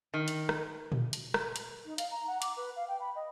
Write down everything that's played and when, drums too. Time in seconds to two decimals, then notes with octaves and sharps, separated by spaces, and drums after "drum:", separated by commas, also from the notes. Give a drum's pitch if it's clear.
0.14 D#3
0.28 drum: hi-hat
0.49 drum: rim click
0.92 drum: tom A#2
1.13 drum: hi-hat
1.34 drum: rim click
1.56 drum: hi-hat
1.86 D#4
1.98 F5, drum: hi-hat
2.11 A#5
2.27 F#5
2.42 D6, drum: hi-hat
2.57 B4
2.76 F5
2.88 G5
3.01 B5
3.16 D#5